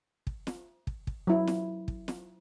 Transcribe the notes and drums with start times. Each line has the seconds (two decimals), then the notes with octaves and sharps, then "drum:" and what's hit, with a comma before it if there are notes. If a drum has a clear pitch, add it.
0.27 drum: kick
0.47 drum: snare
0.87 drum: kick
1.07 drum: kick
1.27 F#3 E4
1.47 drum: snare
1.88 drum: kick
2.08 drum: snare